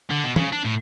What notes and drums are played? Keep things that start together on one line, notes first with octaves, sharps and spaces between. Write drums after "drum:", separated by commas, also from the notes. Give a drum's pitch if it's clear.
D3
B2
C#3, drum: tom
D4
A2